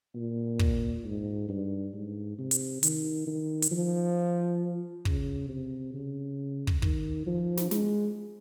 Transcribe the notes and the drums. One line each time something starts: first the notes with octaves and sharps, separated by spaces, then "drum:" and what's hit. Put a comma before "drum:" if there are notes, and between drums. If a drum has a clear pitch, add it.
A#2
drum: kick
G#2
G2
G#2
C3
drum: hi-hat
D#3, drum: hi-hat
D#3
drum: hi-hat
F3
C#3, drum: kick
C3
C#3
drum: kick
D#3, drum: kick
F3
drum: snare
G#3, drum: snare